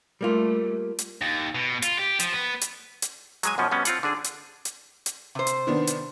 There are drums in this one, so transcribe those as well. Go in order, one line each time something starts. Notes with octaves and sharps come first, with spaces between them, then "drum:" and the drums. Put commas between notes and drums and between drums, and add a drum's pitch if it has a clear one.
G3 A3 A#3 F4
drum: hi-hat
D#2
B2
F4, drum: hi-hat
G4
F3, drum: hi-hat
B3
drum: hi-hat
drum: hi-hat
F#3 G#3 G#5, drum: hi-hat
F#2 B2 F3 C#4
B2 G3 B3 C#4
C4 F4 F#5, drum: hi-hat
D3 D4 G#4
drum: hi-hat
drum: hi-hat
drum: hi-hat
C3 C5
drum: hi-hat
D#3 B3 D4
drum: hi-hat